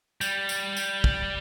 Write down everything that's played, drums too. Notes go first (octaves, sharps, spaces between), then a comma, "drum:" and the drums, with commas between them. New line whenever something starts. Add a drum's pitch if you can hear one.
G3, drum: tambourine
drum: tambourine
drum: tambourine
drum: kick